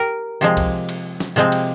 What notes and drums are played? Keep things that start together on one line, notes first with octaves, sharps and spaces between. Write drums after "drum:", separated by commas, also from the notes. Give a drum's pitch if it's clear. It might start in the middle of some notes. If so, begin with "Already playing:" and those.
Already playing: G4 A#4
C3 F3 G#3
drum: kick C#2, cymbal
drum: cymbal
drum: snare
C3 F3 G#3 C4
drum: cymbal